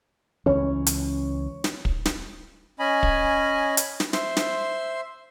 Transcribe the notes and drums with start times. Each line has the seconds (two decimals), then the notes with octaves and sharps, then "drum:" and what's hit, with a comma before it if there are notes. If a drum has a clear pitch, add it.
0.46 C#2 E3 C#4 C#5
0.87 drum: hi-hat
1.64 drum: snare
1.85 drum: kick
2.05 drum: snare
2.79 C#4 D#5 G#5 B5
3.03 drum: kick
3.77 drum: hi-hat
4.00 drum: snare
4.13 C5 E5 C6, drum: snare
4.37 drum: snare